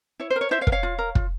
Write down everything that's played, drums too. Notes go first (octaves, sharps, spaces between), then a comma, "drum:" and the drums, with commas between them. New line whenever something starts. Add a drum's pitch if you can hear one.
E4 C#5
C5
A#4
C#5
E4 C5 E5
C#5 F5
A#4, drum: kick
C#5 F5
F4
A#4
F4, drum: kick